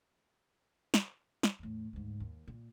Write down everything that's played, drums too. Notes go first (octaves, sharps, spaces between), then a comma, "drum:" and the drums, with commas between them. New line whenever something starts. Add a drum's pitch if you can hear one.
drum: snare
drum: snare
E2 A2
D2 G#2
D#2
A#2